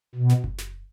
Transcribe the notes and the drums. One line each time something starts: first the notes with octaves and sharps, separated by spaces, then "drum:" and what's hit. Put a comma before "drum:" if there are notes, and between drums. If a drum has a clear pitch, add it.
B2
drum: snare
drum: kick F#1
drum: snare